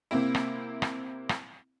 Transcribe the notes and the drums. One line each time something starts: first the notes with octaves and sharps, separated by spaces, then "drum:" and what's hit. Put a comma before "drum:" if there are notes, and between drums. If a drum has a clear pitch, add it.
C3 A#3 C4 E4
drum: rim click
drum: rim click
drum: rim click